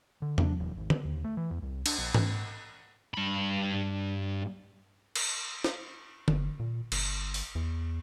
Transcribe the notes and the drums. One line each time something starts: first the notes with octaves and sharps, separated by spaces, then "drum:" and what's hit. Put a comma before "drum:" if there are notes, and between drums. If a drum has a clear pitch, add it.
D3
D4, drum: tom
D#1
G#1
D3, drum: tom D3
D#2
A3
E3
E2
C2
D4, drum: cymbal
A#1
drum: tom G#2
G2 B5
drum: cymbal
drum: snare
F#1, drum: tom D3
A#2
G1, drum: cymbal
drum: open hi-hat
E2